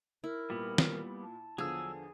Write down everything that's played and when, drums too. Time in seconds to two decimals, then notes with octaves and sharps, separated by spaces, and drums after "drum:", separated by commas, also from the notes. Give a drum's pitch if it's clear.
0.24 E4 A#4
0.50 A#2 G3 B3
0.78 drum: snare
1.23 A5
1.58 E2 D3 F3 F#3 G#4 E6